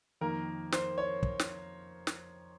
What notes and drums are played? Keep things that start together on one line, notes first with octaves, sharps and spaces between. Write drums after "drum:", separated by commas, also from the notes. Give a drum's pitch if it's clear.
F2 D#3 A#3 A#4
C5, drum: snare
C#5
drum: kick
drum: snare
drum: snare